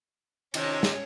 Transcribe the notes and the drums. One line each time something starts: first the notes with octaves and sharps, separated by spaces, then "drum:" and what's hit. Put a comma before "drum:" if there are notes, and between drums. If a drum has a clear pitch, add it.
C3 D#3 C#4 C#5, drum: cymbal
drum: snare